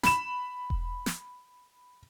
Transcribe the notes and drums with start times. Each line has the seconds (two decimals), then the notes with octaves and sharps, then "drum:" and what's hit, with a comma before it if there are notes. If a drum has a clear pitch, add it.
0.03 B5 E7, drum: snare
0.70 drum: kick E1
1.06 drum: snare